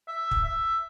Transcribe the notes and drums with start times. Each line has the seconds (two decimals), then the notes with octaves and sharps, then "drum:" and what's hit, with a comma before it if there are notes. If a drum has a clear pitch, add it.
0.08 E5
0.31 drum: kick
0.44 E5